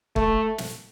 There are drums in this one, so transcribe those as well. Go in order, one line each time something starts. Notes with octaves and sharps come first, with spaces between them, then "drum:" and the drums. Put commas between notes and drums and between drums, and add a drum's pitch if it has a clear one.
A3, drum: kick
drum: snare